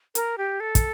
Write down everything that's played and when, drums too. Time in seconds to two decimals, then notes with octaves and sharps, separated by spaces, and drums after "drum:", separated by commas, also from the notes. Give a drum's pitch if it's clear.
0.15 A#4, drum: hi-hat
0.38 G4
0.60 A4
0.75 drum: kick, hi-hat